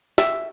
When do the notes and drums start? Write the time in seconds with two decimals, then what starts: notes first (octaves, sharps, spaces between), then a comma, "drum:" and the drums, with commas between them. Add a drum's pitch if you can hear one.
0.18 E5, drum: snare